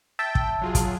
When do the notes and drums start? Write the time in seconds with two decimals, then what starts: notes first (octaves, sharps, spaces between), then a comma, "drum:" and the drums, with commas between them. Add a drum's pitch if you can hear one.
0.19 E5 G5 A5
0.35 drum: kick
0.62 F#3 F4 G#4
0.75 drum: kick, hi-hat